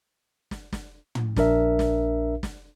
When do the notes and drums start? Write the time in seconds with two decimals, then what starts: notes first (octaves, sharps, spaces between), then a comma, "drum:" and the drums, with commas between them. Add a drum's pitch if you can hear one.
0.51 drum: snare
0.73 drum: snare
1.15 drum: tom
1.36 A#1 D4 A#4 E5, drum: snare
1.79 drum: snare
2.43 drum: snare